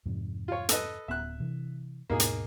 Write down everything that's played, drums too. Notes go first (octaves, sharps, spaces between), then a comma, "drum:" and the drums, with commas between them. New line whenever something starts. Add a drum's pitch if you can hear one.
F2 G#2 C3
F4 C#5
A4 B4 D#5, drum: hi-hat
D1 B3 C#4 E5 F#6
C3 E3
D#2 G#2 B2 A#3 D#4 G#4
drum: hi-hat